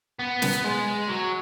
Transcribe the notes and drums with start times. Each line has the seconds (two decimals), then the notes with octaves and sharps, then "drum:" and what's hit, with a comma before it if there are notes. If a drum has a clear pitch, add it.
0.19 B3
0.42 drum: snare
0.64 G#3
1.09 F#3